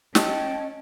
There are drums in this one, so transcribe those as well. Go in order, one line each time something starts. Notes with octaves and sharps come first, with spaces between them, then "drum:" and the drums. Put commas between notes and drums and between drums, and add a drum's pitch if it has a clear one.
C#4 D#5 G5 A5, drum: snare